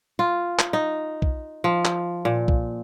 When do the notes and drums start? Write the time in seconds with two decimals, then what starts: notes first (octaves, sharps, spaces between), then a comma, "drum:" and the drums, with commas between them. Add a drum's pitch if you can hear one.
0.19 F4
0.59 drum: clap
0.73 D#4
1.22 drum: kick
1.64 F3
1.85 drum: clap
2.25 A#2
2.48 drum: kick